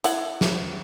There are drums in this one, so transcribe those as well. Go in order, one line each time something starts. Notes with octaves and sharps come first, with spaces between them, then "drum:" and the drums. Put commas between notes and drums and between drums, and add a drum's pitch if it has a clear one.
E4 F#5, drum: hi-hat
drum: snare